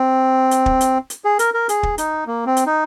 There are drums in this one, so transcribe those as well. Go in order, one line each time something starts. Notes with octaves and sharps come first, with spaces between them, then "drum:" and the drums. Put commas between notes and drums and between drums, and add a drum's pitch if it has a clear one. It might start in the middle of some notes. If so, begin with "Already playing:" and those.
Already playing: C4
drum: hi-hat
drum: kick
drum: hi-hat
drum: hi-hat
G#4
A#4, drum: hi-hat
A#4
G#4, drum: hi-hat
drum: kick
D#4, drum: hi-hat
A#3
C4
drum: hi-hat
D#4